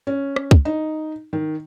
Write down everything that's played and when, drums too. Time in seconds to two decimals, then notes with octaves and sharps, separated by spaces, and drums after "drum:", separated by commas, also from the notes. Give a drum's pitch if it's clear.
0.07 C#4
0.36 drum: rim click
0.51 drum: kick
0.65 D#4
1.33 D#3